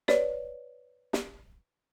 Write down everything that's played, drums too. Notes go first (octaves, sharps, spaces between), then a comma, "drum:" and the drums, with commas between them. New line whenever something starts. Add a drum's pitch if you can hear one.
B4 C#5 D5, drum: snare
drum: snare